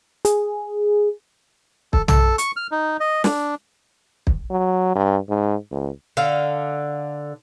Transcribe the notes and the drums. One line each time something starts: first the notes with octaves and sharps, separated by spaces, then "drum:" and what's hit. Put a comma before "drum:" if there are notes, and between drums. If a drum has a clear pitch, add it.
G#4, drum: hi-hat
A4, drum: kick
A4, drum: tom
C#6, drum: hi-hat
F6
D#4
D#5
D4, drum: snare
drum: kick
F#3
G2
G#2
C#2
D3 F5